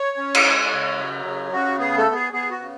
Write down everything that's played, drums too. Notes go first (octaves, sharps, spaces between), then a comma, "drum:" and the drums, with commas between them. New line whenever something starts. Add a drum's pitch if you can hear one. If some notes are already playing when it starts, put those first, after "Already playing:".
Already playing: C#5
C#4
drum: cymbal
G#3
C#3
F#3
C#3
C#3 F#4
B3 G#4
A3 A4
B3
G#4
B3 G#4
F#4
C#3